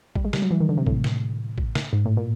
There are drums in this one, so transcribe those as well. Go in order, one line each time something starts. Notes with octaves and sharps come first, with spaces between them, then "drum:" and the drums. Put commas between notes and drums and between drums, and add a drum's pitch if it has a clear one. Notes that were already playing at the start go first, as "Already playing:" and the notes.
G3, drum: kick A1
G#3
G3, drum: snare
F#3
E3
D#3
D3
C3
A2, drum: kick A1
drum: snare
drum: kick A1
drum: snare
G#2
A2
A#2